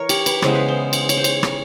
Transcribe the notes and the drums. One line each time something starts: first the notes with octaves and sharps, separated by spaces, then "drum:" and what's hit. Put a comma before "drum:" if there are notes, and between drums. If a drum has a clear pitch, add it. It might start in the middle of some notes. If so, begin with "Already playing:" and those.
Already playing: E3 A#4 C#5
G4, drum: cymbal
B4, drum: cymbal
C#3 E3 G#3 B3 C5, drum: rim click
B4
C5
drum: cymbal
C#5, drum: cymbal
C5
C#5, drum: cymbal
drum: rim click